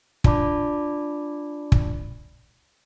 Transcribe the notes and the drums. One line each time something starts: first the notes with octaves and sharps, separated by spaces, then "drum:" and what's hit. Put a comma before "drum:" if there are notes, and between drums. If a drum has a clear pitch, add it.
D4 F4 D5 A5 B5 D6, drum: kick
drum: kick